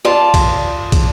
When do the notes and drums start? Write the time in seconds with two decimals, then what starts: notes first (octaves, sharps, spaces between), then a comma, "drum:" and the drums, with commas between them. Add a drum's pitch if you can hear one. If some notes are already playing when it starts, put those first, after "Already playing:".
0.05 F4 D5 A5
0.34 drum: kick, cymbal
0.92 drum: kick, cymbal